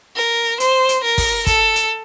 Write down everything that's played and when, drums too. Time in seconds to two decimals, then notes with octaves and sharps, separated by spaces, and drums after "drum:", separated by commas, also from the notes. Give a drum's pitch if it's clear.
0.16 A#4
0.60 C5, drum: hi-hat
0.89 drum: hi-hat
1.04 A#4
1.18 drum: kick, open hi-hat
1.47 A4, drum: kick, hi-hat
1.76 drum: hi-hat